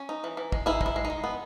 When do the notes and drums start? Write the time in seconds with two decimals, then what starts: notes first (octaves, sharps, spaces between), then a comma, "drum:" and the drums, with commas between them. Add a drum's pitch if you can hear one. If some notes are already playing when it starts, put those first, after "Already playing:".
Already playing: C#4
0.09 D#4
0.24 E3
0.37 E3
0.52 G#3, drum: kick
0.66 D#4 E4 G#4
0.81 G#3, drum: kick
0.86 E4
0.96 G#3
1.05 D#4
1.10 G#3
1.24 B3